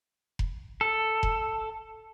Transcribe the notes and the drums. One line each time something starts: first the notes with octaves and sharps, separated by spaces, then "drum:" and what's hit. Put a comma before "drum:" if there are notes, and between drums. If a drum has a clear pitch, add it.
drum: kick F1
A4
drum: kick F1